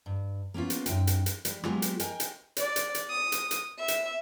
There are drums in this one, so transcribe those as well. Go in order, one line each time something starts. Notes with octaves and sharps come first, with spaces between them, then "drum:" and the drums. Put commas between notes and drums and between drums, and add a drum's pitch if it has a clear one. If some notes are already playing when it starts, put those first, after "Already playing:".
G2
A#3 B3 C#4 F4
drum: hi-hat
F#2 D#4 G5, drum: hi-hat
drum: hi-hat
drum: hi-hat
G3, drum: hi-hat
F#3 G#3 A#3 B3 F4 G4, drum: rim click
drum: hi-hat
A#4 D#5 G5 G#5, drum: hi-hat
drum: hi-hat
D5, drum: hi-hat
drum: hi-hat
drum: hi-hat
D#6
drum: hi-hat
drum: hi-hat
E5
drum: hi-hat